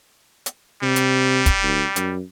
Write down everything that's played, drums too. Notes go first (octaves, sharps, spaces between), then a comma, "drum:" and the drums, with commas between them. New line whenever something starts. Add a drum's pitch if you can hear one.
drum: hi-hat
C3 G3
drum: hi-hat
drum: kick, hi-hat
D2
F#2, drum: hi-hat